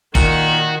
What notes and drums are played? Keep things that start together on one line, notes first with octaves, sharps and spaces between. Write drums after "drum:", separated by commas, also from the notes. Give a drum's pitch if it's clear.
A#2 D#3 F#4, drum: kick